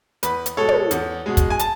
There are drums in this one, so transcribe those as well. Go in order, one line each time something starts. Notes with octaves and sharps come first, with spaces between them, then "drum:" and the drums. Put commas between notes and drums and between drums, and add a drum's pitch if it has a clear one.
E2 B4, drum: hi-hat
drum: hi-hat
B2 G#3 A4 C#5
drum: tom
E2, drum: hi-hat
B2 G#3
drum: kick, hi-hat
G#5
A5, drum: hi-hat